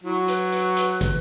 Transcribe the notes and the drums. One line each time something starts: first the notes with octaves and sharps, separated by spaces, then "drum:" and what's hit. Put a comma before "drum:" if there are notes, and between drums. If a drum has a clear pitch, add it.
F#3 E4
B4, drum: hi-hat
drum: hi-hat
drum: hi-hat
drum: kick, hi-hat